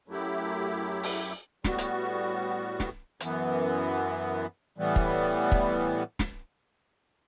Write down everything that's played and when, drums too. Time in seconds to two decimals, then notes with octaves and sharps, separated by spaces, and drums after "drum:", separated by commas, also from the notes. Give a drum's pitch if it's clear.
0.08 F#2 F#3 A3 E4 G4
1.03 drum: open hi-hat
1.64 A2 G3 B3 F#4, drum: snare
1.79 drum: hi-hat
2.80 drum: snare
3.21 F#2 E3 B3, drum: hi-hat
4.78 A2 E3 G3 B3
4.96 drum: kick
5.52 drum: kick
6.19 drum: snare